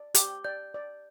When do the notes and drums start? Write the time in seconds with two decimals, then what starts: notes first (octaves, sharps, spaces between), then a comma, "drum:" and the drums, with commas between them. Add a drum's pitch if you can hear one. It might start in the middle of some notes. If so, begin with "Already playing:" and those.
Already playing: D5
0.15 G4 D6, drum: hi-hat
0.44 D5 G6
0.74 D5